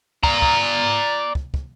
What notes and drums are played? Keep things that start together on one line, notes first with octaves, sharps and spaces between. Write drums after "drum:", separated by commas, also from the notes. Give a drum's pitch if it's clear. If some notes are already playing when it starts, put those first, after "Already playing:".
D5 A#5, drum: kick
drum: kick
drum: kick
drum: kick